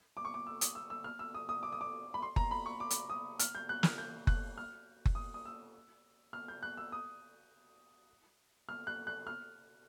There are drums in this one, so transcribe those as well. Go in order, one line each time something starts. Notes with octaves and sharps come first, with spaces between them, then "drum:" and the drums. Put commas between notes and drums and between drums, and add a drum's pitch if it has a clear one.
D6
C#6
D6
E6
D#6, drum: hi-hat
E6
E6
F6
E6
D#6
D#6
D6
D#6
D6
B5
C6
A#5, drum: kick F#1
B5
C#6
D6
drum: hi-hat
D#6
F6, drum: hi-hat
G6
F#6
F6, drum: snare
G6
F#6, drum: kick F#1
F6
drum: kick F#1
D#6
D#6
E6
F6
G6
F#6
E6
D#6
F6
F#6
F#6
F6